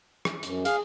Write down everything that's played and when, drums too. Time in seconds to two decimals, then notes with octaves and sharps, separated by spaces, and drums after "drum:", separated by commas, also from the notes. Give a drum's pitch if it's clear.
0.25 drum: rim click
0.43 F#2, drum: hi-hat
0.65 G#4 F5, drum: hi-hat